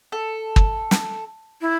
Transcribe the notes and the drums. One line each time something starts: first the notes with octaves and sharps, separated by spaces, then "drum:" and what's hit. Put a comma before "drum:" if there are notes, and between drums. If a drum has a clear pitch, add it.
A4
drum: kick
drum: snare
E4